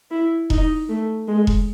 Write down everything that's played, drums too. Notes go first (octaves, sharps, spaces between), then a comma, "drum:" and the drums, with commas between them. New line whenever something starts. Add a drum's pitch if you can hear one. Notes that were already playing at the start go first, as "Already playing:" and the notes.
E4
D#4, drum: kick E1
A3
G#3
drum: kick E1